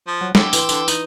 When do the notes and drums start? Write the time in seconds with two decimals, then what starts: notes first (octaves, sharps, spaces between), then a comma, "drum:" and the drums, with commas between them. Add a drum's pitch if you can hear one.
0.07 F3
0.21 F#3
0.35 D3 G5 D6 E6, drum: snare
0.53 E3 C6, drum: tambourine
0.69 D3, drum: tambourine
0.88 D#4, drum: tambourine